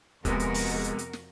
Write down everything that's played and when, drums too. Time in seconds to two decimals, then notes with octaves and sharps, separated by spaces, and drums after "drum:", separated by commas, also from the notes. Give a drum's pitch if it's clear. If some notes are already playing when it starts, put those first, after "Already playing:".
0.25 D#1 F2 C3 G#3 B3 F#4 A#4, drum: kick, hi-hat
0.40 drum: hi-hat
0.54 drum: open hi-hat
0.69 drum: hi-hat
0.84 drum: hi-hat
0.99 drum: hi-hat
1.13 drum: snare